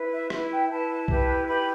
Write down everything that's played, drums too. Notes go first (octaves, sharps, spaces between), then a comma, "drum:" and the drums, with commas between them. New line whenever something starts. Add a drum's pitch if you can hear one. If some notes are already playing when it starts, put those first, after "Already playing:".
Already playing: E4 B4
E5
E4 B4 E5, drum: rim click
G5
E4 B4 A5
E4 G4 B4, drum: kick C2
E4 G4 B4 B5